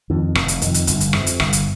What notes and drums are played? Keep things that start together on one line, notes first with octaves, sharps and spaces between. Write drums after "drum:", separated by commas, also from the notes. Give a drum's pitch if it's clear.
F2 D#3
F1, drum: rim click
drum: hi-hat
F2 D#3, drum: hi-hat
drum: hi-hat
G1, drum: hi-hat
drum: hi-hat
F2 C3, drum: rim click
drum: hi-hat
G1, drum: rim click
drum: hi-hat